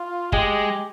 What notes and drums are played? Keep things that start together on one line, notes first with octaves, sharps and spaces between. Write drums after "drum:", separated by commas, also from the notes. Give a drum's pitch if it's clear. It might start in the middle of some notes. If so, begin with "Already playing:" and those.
Already playing: F4
G#3 G4, drum: kick